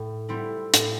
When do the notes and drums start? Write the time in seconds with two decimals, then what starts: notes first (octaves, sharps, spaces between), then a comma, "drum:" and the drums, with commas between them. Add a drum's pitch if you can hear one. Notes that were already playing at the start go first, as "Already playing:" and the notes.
Already playing: A2
0.29 G3 C4 E4
0.74 A2, drum: hi-hat